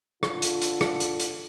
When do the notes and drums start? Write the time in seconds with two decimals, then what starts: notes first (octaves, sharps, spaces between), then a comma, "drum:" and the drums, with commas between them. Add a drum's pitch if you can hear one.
0.23 D3 F4, drum: rim click
0.42 drum: hi-hat
0.62 drum: hi-hat
0.81 drum: rim click
1.00 drum: hi-hat
1.20 drum: hi-hat